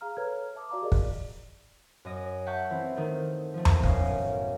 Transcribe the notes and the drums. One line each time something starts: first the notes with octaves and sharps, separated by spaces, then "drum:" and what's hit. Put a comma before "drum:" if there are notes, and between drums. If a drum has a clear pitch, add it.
G#4 F5 A#5 F6
A4 B4 C#5 A#5 F6 G#6
E5 A5 D6 D#6
F#4 D5 F5 A#5 D6
G4 G#4 A#4 D5 D#5
drum: kick
F#2 D#5
E5 F#5 G5 A5 C#6 G6
E3 C4 E4
D#3 A3 C4
F3 A3
drum: tom E2
A1 F#2 B2 C#4 D#5 F5, drum: kick